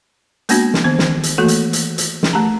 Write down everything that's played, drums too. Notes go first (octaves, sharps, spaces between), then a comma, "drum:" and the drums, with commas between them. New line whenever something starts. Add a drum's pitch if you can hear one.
G#3 A#3 B3 D4 F#4, drum: hi-hat
drum: snare
D#3 B3 C5
drum: snare
drum: hi-hat
E3 A3 A#3 F#4 A4
drum: hi-hat
drum: hi-hat
drum: hi-hat
drum: snare
A3 G4 A5 A#5